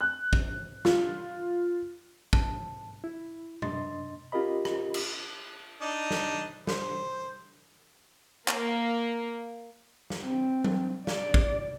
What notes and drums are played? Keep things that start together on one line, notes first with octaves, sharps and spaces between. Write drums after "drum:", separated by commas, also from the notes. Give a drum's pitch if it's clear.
F#6
drum: kick
F4, drum: snare
A5, drum: kick
E4
F#2 D4 D#5 C6 A6, drum: tom B2
C#4 F4 G4 A#4 D#5 B5
drum: rim click
drum: cymbal
D4 D#4 D#5
drum: snare
C5, drum: snare
A#3, drum: clap
drum: snare
C4
drum: tom F#3
D5, drum: snare
drum: kick